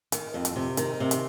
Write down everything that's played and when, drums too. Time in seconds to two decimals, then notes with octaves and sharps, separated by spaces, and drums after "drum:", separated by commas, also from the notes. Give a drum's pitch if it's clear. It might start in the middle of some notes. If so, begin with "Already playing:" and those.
0.12 D#3, drum: hi-hat
0.34 F2
0.45 drum: hi-hat
0.56 C3
0.77 D#3, drum: hi-hat
1.00 C3
1.11 drum: hi-hat